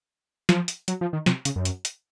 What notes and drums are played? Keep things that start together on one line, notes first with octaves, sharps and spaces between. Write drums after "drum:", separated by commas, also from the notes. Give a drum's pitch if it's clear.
F3, drum: snare
drum: hi-hat
F#3, drum: hi-hat
F3
D#3
C3, drum: snare
C#3, drum: hi-hat
F#2
drum: hi-hat
drum: hi-hat